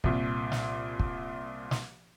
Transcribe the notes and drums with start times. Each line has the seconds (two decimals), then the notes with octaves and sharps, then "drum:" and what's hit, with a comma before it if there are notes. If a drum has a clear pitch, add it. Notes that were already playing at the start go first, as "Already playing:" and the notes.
0.04 C2 A#2, drum: kick
0.52 drum: snare
0.99 drum: kick
1.71 drum: snare